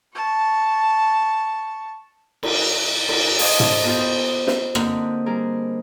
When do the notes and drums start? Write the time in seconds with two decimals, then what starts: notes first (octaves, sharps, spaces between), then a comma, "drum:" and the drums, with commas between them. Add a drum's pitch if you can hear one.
0.14 A5 C#6
2.43 drum: cymbal
3.08 drum: cymbal
3.39 A4 C5 D#5, drum: open hi-hat
3.60 drum: tom
3.84 B3 D#4 F4 G4 C5
4.47 drum: snare
4.75 D3 A#3 C4 D#4 G4 F#5, drum: rim click
5.26 G3 G#4 A#4